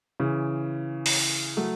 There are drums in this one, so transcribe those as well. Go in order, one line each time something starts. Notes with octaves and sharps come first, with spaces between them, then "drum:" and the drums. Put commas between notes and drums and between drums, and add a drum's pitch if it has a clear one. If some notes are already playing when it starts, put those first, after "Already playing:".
C#3 E3
drum: open hi-hat
F#3 A3